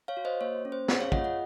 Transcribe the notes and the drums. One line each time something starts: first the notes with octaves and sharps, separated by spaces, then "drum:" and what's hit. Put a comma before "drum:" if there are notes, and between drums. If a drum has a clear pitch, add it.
C#5 F5
F#4
C5 D#5
A#3 C#5
C#4
C5
G#4 C#5, drum: snare
C#5 F5
F4 D#5 F#5, drum: kick
D#5 F#5